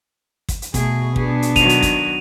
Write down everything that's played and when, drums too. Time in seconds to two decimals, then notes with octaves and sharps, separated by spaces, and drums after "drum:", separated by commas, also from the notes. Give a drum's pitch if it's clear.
0.49 drum: kick, hi-hat
0.62 drum: hi-hat
0.74 B2 A3 G#4, drum: kick, hi-hat
1.16 B3 D4 G#4, drum: kick
1.42 drum: hi-hat
1.56 D#3 F#3 D#7 F7, drum: kick, hi-hat
1.69 drum: hi-hat
1.83 drum: kick, hi-hat